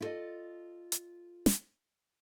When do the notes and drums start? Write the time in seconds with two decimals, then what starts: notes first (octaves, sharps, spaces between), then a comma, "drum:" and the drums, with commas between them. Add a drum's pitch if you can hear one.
0.01 E4 F4 A4 A#4 D5 D#5
0.92 drum: hi-hat
1.46 drum: snare